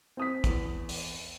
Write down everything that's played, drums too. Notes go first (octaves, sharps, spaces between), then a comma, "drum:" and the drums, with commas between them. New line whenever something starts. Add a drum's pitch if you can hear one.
C4 D#6 B6
E2, drum: kick, hi-hat
drum: open hi-hat